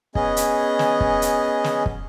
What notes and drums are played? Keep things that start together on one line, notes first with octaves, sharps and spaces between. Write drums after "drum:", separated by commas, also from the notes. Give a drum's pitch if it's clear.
B3 C#4 G#4 D#5, drum: kick
drum: hi-hat
drum: snare
drum: kick
drum: hi-hat
drum: snare
drum: kick